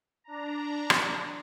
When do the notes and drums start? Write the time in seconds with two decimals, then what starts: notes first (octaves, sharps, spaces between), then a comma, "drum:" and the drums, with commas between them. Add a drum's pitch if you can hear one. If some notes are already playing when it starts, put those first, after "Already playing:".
0.24 D4 A#5
0.90 drum: rim click